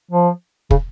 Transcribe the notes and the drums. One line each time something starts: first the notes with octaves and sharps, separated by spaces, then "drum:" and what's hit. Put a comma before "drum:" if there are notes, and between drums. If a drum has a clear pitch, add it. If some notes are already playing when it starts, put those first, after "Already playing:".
F3
C#3, drum: kick